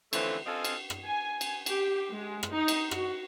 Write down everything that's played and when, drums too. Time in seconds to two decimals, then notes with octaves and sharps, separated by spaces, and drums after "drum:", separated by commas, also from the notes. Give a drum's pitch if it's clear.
0.13 D3 E3 F3 A3 C4 C#4, drum: cymbal
0.46 C4 F4 A4 D#5 F5 G#5
0.65 drum: cymbal
0.90 drum: rim click
1.06 G#5
1.41 drum: cymbal
1.66 G4, drum: cymbal
2.14 G#3
2.43 drum: rim click
2.53 D#4
2.68 drum: cymbal
2.91 F#4, drum: rim click